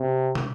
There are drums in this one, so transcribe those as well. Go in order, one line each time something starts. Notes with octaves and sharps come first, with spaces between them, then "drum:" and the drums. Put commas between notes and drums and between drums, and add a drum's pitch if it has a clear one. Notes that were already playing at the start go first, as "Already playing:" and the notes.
Already playing: C3
drum: tom